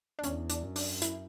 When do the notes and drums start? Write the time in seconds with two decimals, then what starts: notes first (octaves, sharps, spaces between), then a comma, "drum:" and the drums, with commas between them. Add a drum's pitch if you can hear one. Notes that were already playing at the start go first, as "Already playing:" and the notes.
0.19 D4
0.23 E2 C#4, drum: hi-hat
0.50 D4, drum: hi-hat
0.63 F#2
0.76 D4, drum: open hi-hat
1.02 E4, drum: hi-hat